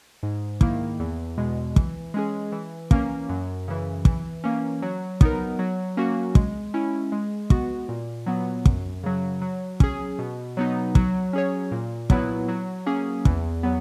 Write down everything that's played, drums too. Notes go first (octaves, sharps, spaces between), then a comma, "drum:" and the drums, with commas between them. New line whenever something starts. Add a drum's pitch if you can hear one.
G#2
D#3 A#3 E4, drum: kick
E2
B2 G#3
E3, drum: kick
G#3 C#4 G#4
E3
A#3 C#4, drum: kick
F#2
C#3 E3
E3, drum: kick
A#3 C#4
F#3
B3 D#4 A#4, drum: kick
F#3
A#3 C#4 F#4
G#3, drum: kick
C#4 E4
G#3
B3 F#4, drum: kick
A#2
F#3 B3
F#2, drum: kick
C#3 F#3
F#3
C#4 G#4, drum: kick
B2
F#3 B3 D#4
F#3, drum: kick
C#4 G#4 C#5
A#2
F#3 B3 E4 B4, drum: kick
F#3
A#3 C#4 G#4
E2, drum: kick
F#3 B3